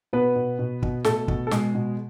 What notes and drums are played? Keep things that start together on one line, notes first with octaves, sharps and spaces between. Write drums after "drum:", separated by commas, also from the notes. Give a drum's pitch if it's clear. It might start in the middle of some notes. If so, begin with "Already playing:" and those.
B2 B3 B4
B2
B2
B2, drum: kick
B2 A3 A4, drum: snare
B2, drum: kick
A4
B2 G#3 G#4, drum: snare
B2